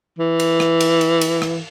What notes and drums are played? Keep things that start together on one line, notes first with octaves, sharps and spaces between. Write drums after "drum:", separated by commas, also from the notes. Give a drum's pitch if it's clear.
E3
drum: cymbal
drum: rim click
drum: cymbal
drum: cymbal
drum: cymbal
drum: rim click